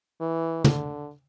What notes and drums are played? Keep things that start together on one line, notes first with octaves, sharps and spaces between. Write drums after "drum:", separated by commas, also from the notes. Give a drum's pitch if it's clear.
E3
D3, drum: tom